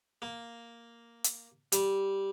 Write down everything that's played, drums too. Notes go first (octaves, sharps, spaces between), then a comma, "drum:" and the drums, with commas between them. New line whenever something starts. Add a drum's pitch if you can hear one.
A#3
drum: hi-hat
G3, drum: hi-hat